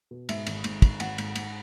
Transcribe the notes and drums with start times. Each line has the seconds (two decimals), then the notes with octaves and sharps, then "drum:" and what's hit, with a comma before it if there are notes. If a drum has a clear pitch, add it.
0.11 B2
0.29 G#2 E5, drum: cymbal
0.47 G#1, drum: cymbal
0.64 G#2, drum: cymbal
0.82 G#1, drum: kick, cymbal
1.00 G#1 F#5, drum: cymbal
1.18 G#2, drum: cymbal
1.36 G#2, drum: cymbal